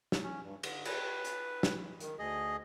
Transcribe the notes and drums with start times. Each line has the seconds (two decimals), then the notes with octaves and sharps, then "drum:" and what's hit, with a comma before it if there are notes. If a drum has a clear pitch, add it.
0.12 drum: snare
0.23 C#4
0.42 G2
0.63 D3, drum: cymbal
0.85 B4, drum: cymbal
1.25 drum: hi-hat
1.63 drum: snare
2.00 D#3, drum: hi-hat
2.19 D2 G#4 D#5